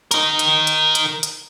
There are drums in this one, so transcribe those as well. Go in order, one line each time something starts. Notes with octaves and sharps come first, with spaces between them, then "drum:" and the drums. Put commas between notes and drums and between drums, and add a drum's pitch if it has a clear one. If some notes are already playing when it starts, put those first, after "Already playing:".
D#4 A#4, drum: hi-hat
drum: hi-hat
drum: hi-hat
drum: hi-hat
drum: hi-hat